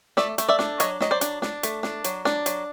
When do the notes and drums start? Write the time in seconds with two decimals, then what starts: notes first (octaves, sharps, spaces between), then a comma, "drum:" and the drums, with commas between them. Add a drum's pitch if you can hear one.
0.17 A3 D5 E5, drum: snare
0.38 A3, drum: hi-hat
0.48 D5 E5
0.59 D4, drum: snare
0.80 F#3 C#5 D#5, drum: hi-hat
1.01 F#3 D#5, drum: snare
1.11 C5 D5
1.21 D4, drum: hi-hat
1.42 D4, drum: snare
1.63 A3, drum: hi-hat
1.83 D4, drum: snare
2.04 F#3, drum: hi-hat
2.25 D4, drum: snare
2.46 F#3, drum: hi-hat